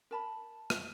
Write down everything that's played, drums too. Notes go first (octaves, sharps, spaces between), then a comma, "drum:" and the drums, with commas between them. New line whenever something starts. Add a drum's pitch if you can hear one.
A#4 A5 B5
drum: rim click